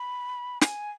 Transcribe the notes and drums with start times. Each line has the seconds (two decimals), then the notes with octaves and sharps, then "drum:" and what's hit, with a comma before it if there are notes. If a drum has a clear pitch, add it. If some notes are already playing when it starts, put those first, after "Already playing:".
Already playing: B5
0.61 G#5, drum: snare